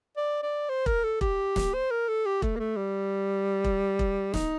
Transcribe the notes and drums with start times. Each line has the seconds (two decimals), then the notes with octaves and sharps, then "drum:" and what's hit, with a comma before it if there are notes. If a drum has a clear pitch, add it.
0.17 D5
0.43 D5
0.69 C5
0.86 A#4, drum: kick E1
1.04 A4
1.21 G4, drum: kick E1
1.56 drum: snare
1.74 C5
1.91 A#4
2.08 A4
2.26 G4
2.42 A3, drum: kick E1
2.56 A#3
2.60 A3
2.77 G3
3.64 drum: kick E1
3.99 drum: kick E1
4.34 D#4, drum: snare